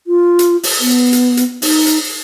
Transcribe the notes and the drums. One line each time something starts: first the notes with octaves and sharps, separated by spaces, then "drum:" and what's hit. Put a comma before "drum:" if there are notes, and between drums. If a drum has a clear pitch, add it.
F4
drum: hi-hat
drum: open hi-hat
B3
drum: hi-hat
drum: hi-hat
D#4, drum: open hi-hat
drum: hi-hat